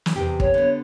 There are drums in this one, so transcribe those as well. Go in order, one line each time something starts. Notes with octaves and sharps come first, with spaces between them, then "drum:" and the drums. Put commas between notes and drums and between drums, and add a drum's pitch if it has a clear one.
drum: snare
E2 C3 G4
C#5, drum: kick
D3 B3